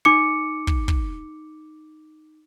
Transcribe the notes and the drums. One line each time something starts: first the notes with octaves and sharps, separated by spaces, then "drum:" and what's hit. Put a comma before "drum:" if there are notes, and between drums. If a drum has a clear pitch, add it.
D#4 D6 C#7
drum: kick
drum: kick